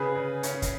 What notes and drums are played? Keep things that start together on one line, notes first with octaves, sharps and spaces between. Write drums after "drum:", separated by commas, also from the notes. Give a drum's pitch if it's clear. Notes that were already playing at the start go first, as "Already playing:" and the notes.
Already playing: C#3 G#4 B4
C#3
C#4, drum: hi-hat
drum: kick, hi-hat